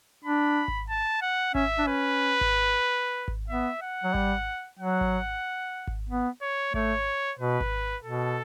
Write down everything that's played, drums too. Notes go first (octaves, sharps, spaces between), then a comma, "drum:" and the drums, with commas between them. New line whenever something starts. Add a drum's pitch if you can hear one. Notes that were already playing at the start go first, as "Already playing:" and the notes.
D4 B5
drum: kick G#1
A5
F#5
C#4 E5, drum: kick G#1
D4
C#4 B4
drum: kick G#1
drum: kick G#1
B3 E5
F#5
F#3
G3, drum: kick G#1
F#3 F#5
drum: kick G#1
drum: kick G#1
B3
C#5
A3 C#5, drum: kick G#1
B2 B4
drum: kick G#1
B2 A4